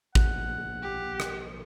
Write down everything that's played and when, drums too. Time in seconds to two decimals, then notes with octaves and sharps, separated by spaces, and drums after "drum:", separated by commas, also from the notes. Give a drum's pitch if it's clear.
0.15 A#1 B2 F#5, drum: kick
0.82 G4
1.20 drum: rim click